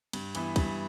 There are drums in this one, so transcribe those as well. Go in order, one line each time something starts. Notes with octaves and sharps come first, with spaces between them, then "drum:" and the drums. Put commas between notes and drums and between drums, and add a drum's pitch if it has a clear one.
G2, drum: cymbal
E3 B3 E4, drum: cymbal
G2, drum: kick, cymbal